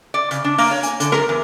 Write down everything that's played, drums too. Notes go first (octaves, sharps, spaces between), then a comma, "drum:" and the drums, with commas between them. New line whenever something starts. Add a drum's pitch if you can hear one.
D5
C#3, drum: hi-hat
D4
A#3, drum: open hi-hat
C#5
G#5, drum: hi-hat
D3, drum: hi-hat
A#4, drum: rim click
E2